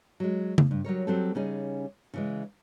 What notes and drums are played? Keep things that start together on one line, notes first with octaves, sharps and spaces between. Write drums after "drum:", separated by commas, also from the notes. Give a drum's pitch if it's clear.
F#3 G#3
drum: tom C#3
G2
F#3 G3 A#4 C#5
F#3 G3 C4 G4 A4
C#3 G3 C#4 D#4 G#4
C#3 E3 G#3